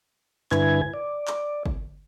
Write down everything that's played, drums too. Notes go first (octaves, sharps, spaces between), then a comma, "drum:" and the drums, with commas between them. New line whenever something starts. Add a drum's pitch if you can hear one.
G2 D3 E4 B4 G#5 G#6, drum: clap
D5
drum: clap
drum: kick G1